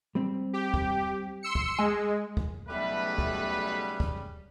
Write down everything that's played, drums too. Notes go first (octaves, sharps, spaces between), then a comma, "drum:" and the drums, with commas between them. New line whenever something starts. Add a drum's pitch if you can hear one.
G3 C4
G4
drum: kick
C6 E6 C#7
drum: kick
G#3 G#5
drum: kick
B1 C#3 G3 A3 B4
drum: kick
drum: kick